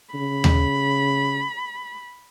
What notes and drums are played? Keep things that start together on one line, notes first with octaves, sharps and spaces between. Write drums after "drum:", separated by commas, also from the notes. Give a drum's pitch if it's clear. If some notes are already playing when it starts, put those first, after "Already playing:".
C#3 B5
drum: tom D#2